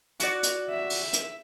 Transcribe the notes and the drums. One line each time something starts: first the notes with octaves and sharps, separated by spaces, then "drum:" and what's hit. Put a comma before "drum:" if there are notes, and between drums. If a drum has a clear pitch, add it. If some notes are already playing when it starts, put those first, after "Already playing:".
F#4 D5, drum: hi-hat
drum: hi-hat
E5
drum: open hi-hat
drum: hi-hat